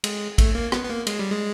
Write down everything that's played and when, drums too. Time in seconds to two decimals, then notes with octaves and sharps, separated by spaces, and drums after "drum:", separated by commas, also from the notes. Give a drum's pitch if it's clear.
0.04 G#3, drum: cymbal
0.38 A3, drum: kick, cymbal
0.55 A#3
0.72 B3, drum: rim click
0.84 B3
0.89 A#3
1.07 G#3, drum: cymbal
1.19 G3
1.31 G#3